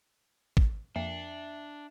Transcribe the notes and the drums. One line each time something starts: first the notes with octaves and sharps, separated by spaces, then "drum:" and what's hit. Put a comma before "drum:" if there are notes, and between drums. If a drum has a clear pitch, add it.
drum: kick
F2 A#3 D4 E5